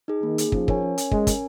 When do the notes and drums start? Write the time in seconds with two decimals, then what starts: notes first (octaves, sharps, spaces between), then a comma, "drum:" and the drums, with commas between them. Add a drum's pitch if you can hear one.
0.08 D#4 G#4
0.23 D#3 A#3
0.38 D#4 G#4, drum: hi-hat
0.52 F3 C#4, drum: kick
0.68 A#4 C#5 G#5, drum: kick
0.82 C#4
0.98 A#4 C#5 G#5, drum: hi-hat
1.12 G#3 C#4, drum: kick
1.27 A#4 C#5 G#5, drum: kick, hi-hat